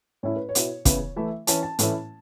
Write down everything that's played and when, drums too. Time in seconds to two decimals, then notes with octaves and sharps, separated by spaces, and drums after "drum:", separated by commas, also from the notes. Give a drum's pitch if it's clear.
0.23 A2 A3 C#4 E4 C#5
0.36 B4
0.49 C#5
0.55 B2 B3 E4, drum: hi-hat
0.85 C#3 E3 B3 E4, drum: kick, hi-hat
1.16 E3 A3 E4 E5
1.47 E3 C#4 E4 A5, drum: hi-hat
1.63 A5
1.79 A2 E3 A3 C#4 E4, drum: hi-hat